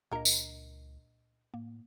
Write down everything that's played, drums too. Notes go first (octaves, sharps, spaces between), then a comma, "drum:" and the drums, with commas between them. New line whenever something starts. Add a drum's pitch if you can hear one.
C#2 A#2 A#3 D4 A#4 D#5
drum: tambourine
A2 A#3